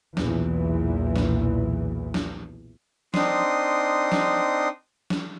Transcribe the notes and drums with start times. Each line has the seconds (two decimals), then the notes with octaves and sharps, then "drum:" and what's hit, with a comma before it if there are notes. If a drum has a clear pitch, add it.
0.17 B1 E2 A#2 E3, drum: snare
1.16 drum: snare
2.14 drum: snare
3.14 C4 D4 D#4 C6 D#6, drum: snare
4.12 drum: snare
5.10 drum: snare